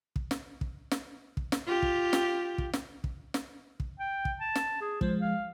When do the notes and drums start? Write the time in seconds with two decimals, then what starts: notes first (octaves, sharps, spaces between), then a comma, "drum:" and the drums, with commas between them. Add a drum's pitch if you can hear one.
0.16 drum: kick
0.31 drum: snare
0.61 drum: kick
0.91 drum: snare
1.37 drum: kick
1.52 drum: snare
1.66 F4 G4
1.82 drum: kick
2.13 drum: snare
2.58 drum: kick
2.73 drum: snare
3.04 drum: kick
3.34 drum: snare
3.80 drum: kick
3.99 G5
4.25 drum: kick
4.40 A5
4.55 drum: snare
4.81 G#4
5.01 F3 G#3 C5, drum: kick
5.21 F5